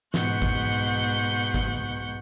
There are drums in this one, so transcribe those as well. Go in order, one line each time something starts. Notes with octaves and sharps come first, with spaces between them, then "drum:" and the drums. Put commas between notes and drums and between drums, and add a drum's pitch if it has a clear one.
G#2 B2 F#5 C#6 G6, drum: snare
drum: kick G1
drum: kick G1